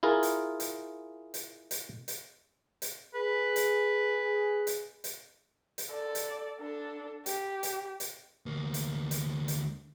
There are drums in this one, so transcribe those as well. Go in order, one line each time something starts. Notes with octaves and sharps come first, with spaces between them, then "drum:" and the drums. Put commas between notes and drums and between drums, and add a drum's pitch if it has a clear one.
E4 F4 G#4 A#4
drum: hi-hat
drum: hi-hat
drum: hi-hat
drum: hi-hat
drum: hi-hat
drum: hi-hat
G#4 B4
drum: hi-hat
drum: hi-hat
drum: hi-hat
drum: hi-hat
A4 D5
drum: hi-hat
D4 A4
G4, drum: hi-hat
drum: hi-hat
drum: hi-hat
D2 A#3
drum: hi-hat
drum: hi-hat
drum: hi-hat